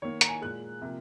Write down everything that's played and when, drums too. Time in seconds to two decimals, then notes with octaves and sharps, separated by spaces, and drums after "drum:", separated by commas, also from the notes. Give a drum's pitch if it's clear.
0.02 D#3 A#3 C#5
0.21 A#5, drum: hi-hat
0.29 G#5
0.42 A#2 G#3 F#6
0.82 C3 F3 A#3